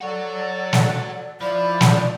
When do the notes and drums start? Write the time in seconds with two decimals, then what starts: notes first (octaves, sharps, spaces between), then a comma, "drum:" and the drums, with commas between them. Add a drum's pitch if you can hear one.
0.01 F#4 A4 C#5 D5 F#5
0.73 drum: snare
1.41 F3 E4 D5 F5 B5 D6
1.81 drum: snare